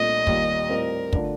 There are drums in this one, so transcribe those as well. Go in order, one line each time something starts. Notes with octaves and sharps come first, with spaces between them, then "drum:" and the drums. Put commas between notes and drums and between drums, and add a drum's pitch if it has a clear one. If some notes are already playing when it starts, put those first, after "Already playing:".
Already playing: C2 A#2 A3 D4 D#5
D#2 D#3 G3 A#3 F4, drum: kick
A2 G3 C4 F4 A#4
D3 A3 D4 F4, drum: kick